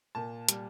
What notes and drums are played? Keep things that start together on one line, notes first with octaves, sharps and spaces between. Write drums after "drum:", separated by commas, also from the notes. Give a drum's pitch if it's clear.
A#2 A5
G3, drum: hi-hat